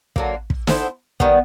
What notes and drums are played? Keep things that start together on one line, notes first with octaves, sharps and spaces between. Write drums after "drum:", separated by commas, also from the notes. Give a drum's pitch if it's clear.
D3 F#3 A#3, drum: kick
drum: kick
B3 E4 A4 C5, drum: snare
D#3 G3 B3, drum: kick